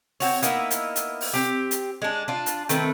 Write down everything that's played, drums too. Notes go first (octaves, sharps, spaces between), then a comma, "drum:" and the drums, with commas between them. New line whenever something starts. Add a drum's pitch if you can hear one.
C4 F#4 C#5, drum: open hi-hat
A#3 B3 D#4 E4, drum: hi-hat
drum: hi-hat
drum: hi-hat
drum: open hi-hat
C4 G4
drum: hi-hat
G#3 D4
D4 F4
drum: hi-hat
D#3 A3 C4 B4, drum: hi-hat